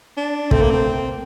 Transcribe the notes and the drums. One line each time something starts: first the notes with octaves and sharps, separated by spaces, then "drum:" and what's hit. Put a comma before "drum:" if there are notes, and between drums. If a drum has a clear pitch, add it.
D4
A3 C4, drum: kick
A#3
C4